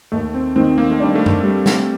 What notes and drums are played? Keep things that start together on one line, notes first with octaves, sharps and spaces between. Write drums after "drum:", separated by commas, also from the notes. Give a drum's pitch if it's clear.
D#2 A3
C4
D#3 C4
A#3
A3
G3 D4
A3
drum: tom F#2
G3
drum: snare